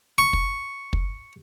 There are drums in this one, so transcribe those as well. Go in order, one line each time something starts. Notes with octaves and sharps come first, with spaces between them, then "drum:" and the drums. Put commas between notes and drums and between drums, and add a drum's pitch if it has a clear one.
C#6
drum: kick
drum: kick